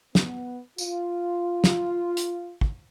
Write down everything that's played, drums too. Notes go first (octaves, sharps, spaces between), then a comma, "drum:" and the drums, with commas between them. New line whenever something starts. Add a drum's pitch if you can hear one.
B3, drum: snare
F4, drum: tambourine
drum: snare
drum: hi-hat
drum: kick